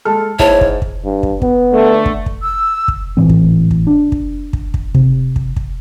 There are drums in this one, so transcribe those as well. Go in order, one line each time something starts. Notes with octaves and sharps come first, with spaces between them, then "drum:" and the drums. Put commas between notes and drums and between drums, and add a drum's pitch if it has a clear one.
G#3 A4 A5 F6
G#2 E4 C#5 A5, drum: kick
drum: kick
drum: kick
G2
drum: kick
B3, drum: kick
D3 A3
drum: kick
drum: kick
E6
drum: kick
G#1 A2 E3 C4
drum: kick
drum: kick
D4
drum: kick
drum: kick
drum: kick
C3, drum: kick
drum: kick
drum: kick